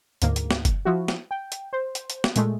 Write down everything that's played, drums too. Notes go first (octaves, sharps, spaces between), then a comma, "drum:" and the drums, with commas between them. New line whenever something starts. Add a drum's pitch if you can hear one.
D2 G#2 A#3, drum: hi-hat
drum: hi-hat
drum: snare
drum: kick F#1, hi-hat
F3 E4 F#4
drum: snare
G5
drum: hi-hat
C5
drum: hi-hat
drum: hi-hat
drum: snare
A#2 G#3 A3, drum: hi-hat